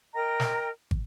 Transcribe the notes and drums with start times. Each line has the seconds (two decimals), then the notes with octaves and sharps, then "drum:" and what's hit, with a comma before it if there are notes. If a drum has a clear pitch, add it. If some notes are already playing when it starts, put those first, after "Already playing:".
0.14 A#4 D#5 G5 A#5
0.40 drum: snare
0.91 drum: kick